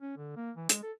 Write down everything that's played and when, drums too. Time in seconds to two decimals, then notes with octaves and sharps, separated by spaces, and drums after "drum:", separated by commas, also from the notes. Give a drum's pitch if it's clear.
0.02 C#4
0.17 D3
0.36 A#3
0.57 E3
0.69 G#3, drum: hi-hat
0.83 A4